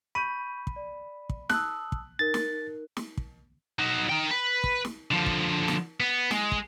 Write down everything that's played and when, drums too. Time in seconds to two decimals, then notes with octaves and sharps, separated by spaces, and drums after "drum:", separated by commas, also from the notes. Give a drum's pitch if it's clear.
0.15 B5 C#6 G6 D#7
0.67 drum: kick
0.76 D5
1.29 drum: kick
1.49 A5 D#6 E6 F#6, drum: snare
1.92 drum: kick
2.19 D#4 A#4 A6
2.34 drum: snare
2.97 drum: snare
3.17 drum: kick
3.79 D#4 F#4
4.09 D#4 G5
4.31 B4
4.64 drum: kick
4.85 drum: snare
5.11 D3 F3
5.26 drum: kick
5.68 drum: snare
6.00 B3
6.31 G#3, drum: snare
6.52 drum: kick